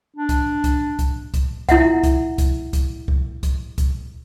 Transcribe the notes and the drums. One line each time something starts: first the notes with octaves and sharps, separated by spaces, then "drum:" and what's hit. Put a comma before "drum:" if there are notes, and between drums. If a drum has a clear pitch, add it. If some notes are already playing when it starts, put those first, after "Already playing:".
D4
drum: kick C2, hi-hat
drum: kick C2, hi-hat
drum: kick C2, hi-hat
drum: kick C2, hi-hat
E4 E5 F#5, drum: kick C2, hi-hat
drum: kick C2, hi-hat
drum: kick C2, hi-hat
drum: kick C2, hi-hat
drum: kick C2
drum: kick C2, hi-hat
drum: kick C2, hi-hat